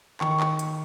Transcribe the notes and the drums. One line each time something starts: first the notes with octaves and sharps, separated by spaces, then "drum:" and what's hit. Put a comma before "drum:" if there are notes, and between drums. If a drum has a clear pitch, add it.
D#3 C#6, drum: clap
C#6
drum: clap
drum: hi-hat